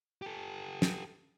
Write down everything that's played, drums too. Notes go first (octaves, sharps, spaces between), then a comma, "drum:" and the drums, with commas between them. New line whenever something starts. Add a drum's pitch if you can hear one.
G4 A4
drum: snare